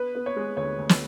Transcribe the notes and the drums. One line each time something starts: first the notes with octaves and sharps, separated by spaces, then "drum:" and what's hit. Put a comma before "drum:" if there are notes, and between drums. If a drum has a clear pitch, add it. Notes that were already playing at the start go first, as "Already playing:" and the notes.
Already playing: B3 B4
B3
C#5
G#3
D2 C#5
D2
drum: snare